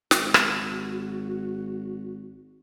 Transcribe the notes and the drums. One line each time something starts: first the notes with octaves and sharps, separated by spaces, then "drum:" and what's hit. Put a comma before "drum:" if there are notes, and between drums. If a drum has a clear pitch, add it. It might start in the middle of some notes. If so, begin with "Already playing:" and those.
G#1 F#4, drum: snare
drum: rim click